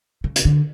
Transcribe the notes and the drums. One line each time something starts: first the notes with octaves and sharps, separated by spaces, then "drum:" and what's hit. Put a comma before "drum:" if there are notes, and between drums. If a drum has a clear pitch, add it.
C#3
drum: hi-hat
D3